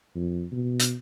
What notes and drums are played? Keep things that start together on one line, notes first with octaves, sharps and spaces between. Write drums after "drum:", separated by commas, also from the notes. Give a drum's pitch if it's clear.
F2
B2
drum: hi-hat